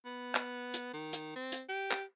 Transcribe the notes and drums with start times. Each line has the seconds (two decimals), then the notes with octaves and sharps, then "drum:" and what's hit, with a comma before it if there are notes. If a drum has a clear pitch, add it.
0.06 B3
0.35 drum: clap
0.74 drum: hi-hat
0.93 D#3
1.13 drum: hi-hat
1.36 C4
1.52 drum: hi-hat
1.69 G4
1.91 drum: clap